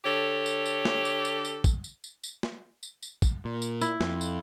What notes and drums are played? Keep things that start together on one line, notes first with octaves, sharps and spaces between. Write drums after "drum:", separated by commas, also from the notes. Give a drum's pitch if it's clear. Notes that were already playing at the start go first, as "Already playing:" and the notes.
D3 G4 A4 C#5
drum: tambourine
drum: tambourine
drum: snare
drum: tambourine
drum: tambourine
drum: tambourine
drum: kick, tambourine
drum: tambourine
drum: tambourine
drum: tambourine
drum: snare
drum: tambourine
drum: tambourine
drum: kick, tambourine
A#2
drum: tambourine
E4, drum: tambourine
F2, drum: snare
drum: tambourine